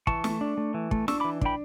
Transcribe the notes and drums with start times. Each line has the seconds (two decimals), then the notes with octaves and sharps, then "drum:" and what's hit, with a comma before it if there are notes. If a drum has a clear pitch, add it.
0.07 E3 A5 C#6, drum: kick
0.24 A3, drum: snare
0.41 D4
0.58 A3
0.74 E3
0.91 A3, drum: kick
1.08 D4 C#6 E6, drum: snare
1.20 E3 B5 D6
1.41 D4 G5 B5, drum: kick